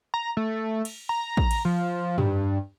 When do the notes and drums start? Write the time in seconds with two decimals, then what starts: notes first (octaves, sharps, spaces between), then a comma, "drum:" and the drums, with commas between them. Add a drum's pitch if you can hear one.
0.14 A#5
0.37 A3
0.85 drum: cymbal
1.09 A#5
1.37 drum: kick
1.51 drum: cymbal
1.65 F3
2.18 G2, drum: tom